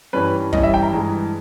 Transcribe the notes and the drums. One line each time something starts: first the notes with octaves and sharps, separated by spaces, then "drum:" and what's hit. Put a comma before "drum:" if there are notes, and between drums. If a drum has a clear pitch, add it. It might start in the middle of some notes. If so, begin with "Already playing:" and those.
G2 E3 G3 C#4 B4
G2 E3 G3 C#4 D#5, drum: kick
E5
G5
A#5
G2 E3 G#3